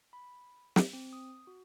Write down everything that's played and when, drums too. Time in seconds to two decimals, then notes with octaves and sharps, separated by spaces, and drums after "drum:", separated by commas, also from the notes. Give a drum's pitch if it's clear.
0.13 B5
0.76 drum: snare
0.93 C4
1.13 D#6
1.47 F#4